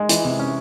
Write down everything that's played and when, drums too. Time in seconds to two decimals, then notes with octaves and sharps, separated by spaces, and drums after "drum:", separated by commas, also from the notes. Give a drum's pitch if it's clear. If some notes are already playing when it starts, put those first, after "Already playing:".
Already playing: G#3
0.09 E3, drum: hi-hat
0.25 C3
0.39 C#4